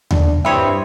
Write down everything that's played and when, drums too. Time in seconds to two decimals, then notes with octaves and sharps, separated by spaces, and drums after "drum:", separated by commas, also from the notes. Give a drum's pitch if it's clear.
0.11 D4, drum: tom D#2
0.45 G2 C4 E4 C#5 E5 B5 D#6